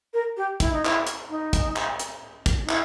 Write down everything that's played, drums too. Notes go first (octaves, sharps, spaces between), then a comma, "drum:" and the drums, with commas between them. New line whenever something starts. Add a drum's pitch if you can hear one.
A#4
G4
E4, drum: kick, hi-hat
D#4
E4, drum: clap
drum: hi-hat
D#4
drum: kick, hi-hat
drum: clap
drum: hi-hat
drum: kick, hi-hat
D#4
E4, drum: clap